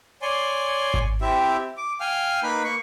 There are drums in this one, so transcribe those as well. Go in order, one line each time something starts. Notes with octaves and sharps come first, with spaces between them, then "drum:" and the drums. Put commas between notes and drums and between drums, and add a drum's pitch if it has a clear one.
C#5 D5 G#5 C6
drum: kick G#1
C4 E4 G4 E5
D6
F5 G5 G#5 F6
A#3 D#4 B4 B5
A#3 C#6